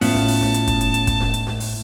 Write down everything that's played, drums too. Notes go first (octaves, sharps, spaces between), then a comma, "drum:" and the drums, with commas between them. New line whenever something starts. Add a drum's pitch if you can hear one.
A2 B3 C#4 F4 A5, drum: open hi-hat
drum: snare
drum: open hi-hat
drum: snare
drum: hi-hat
drum: kick, hi-hat
drum: hi-hat
drum: hi-hat
drum: kick, hi-hat
drum: snare
drum: hi-hat
drum: snare
drum: open hi-hat